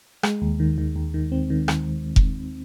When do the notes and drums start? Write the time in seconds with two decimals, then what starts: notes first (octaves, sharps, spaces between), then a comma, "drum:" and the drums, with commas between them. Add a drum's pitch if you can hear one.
0.23 G#3, drum: rim click
0.42 D#2
0.60 D#3
0.78 D#3
0.96 D#2
1.14 D#3
1.32 C4
1.50 D#3
1.68 drum: rim click
2.16 drum: kick F1